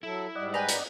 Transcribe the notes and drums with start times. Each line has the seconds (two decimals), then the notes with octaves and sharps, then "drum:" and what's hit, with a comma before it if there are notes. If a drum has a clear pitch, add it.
0.03 F#3 E4 A4
0.35 G#2 G3 D5 D#5 F#5
0.54 B4 G5 G#5 A#5
0.69 G2, drum: hi-hat